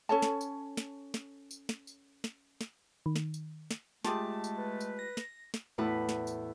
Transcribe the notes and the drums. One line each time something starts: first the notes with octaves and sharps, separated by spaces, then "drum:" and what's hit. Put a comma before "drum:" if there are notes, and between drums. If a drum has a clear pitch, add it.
C#4 A4 C#5 A5
drum: snare
drum: tambourine
drum: snare
drum: snare
drum: tambourine
drum: snare
drum: tambourine
drum: snare
drum: snare
D#3
drum: snare
drum: tambourine
drum: snare
G#3 A3 F4 G4 G#4 A5, drum: snare
drum: tambourine
B4
drum: tambourine
A#6
drum: snare
drum: snare
E2 A2 E4 B4
drum: snare
drum: tambourine